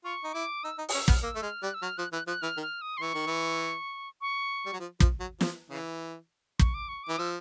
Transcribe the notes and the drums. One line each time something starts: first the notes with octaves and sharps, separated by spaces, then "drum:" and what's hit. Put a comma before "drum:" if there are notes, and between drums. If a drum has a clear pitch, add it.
F4 C#6
D#4
E4 D6
D#4 E6
D#4
D#6, drum: open hi-hat
C#4 E6
B3 F6, drum: kick
A#3 E6
A3
G#3 F6
G3 F#6
E6
F#3 F6
F3 F#6
E3 F#6
F3 F#6
E3 F6
D#3
F6
D#6
C6
E3 C#6
D#3
E3
C#6
G3
F#3
F3
F3, drum: kick
F#3
F3, drum: snare
C#3 E3
C#6, drum: kick
D6
C#6
D6
E3
F3 E6